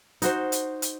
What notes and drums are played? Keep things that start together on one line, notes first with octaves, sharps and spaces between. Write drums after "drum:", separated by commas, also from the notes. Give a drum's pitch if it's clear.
D#4 F#4 C5, drum: hi-hat
drum: hi-hat
drum: hi-hat